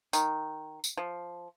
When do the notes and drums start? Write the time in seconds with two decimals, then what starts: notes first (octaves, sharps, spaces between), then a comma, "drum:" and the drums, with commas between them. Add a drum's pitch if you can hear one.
0.13 D#3, drum: tambourine
0.84 drum: tambourine
0.97 F3